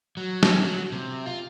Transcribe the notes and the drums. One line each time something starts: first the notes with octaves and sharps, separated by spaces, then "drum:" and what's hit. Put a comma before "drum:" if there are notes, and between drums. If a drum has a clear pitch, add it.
F#3
C#4, drum: snare
F#3
C3
F4